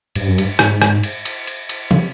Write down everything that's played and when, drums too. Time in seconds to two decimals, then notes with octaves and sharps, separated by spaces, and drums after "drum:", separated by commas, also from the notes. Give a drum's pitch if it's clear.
0.15 G2, drum: cymbal
0.28 F#2
0.38 G2, drum: cymbal
0.59 G#2, drum: rim click
0.82 drum: rim click
1.03 drum: cymbal
1.25 drum: cymbal
1.47 drum: cymbal
1.69 drum: cymbal
1.91 C#3, drum: tom